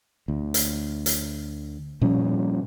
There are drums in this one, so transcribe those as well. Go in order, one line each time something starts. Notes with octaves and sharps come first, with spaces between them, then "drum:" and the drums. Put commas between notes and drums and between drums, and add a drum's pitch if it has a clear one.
D2
drum: hi-hat
drum: hi-hat
A#2 F3 G3 C#4